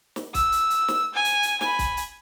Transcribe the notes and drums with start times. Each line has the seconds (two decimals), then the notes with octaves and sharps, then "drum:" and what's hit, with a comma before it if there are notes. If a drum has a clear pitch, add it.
0.16 drum: snare
0.34 E6, drum: kick, hi-hat
0.52 drum: hi-hat
0.70 drum: hi-hat
0.88 drum: snare
1.14 G#5
1.25 drum: hi-hat
1.43 drum: hi-hat
1.61 G#5 B5, drum: snare
1.79 drum: kick, hi-hat
1.97 drum: hi-hat